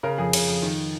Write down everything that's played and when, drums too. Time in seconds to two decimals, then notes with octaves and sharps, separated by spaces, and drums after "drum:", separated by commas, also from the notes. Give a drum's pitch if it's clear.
0.03 C#3 A#4
0.18 F2 G#4
0.33 C#3, drum: cymbal
0.48 F2
0.62 D#3